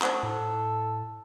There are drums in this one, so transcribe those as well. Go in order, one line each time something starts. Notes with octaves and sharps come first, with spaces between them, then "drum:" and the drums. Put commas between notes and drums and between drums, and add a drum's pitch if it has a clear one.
A3 C5 F#5 E6, drum: clap
A2 A4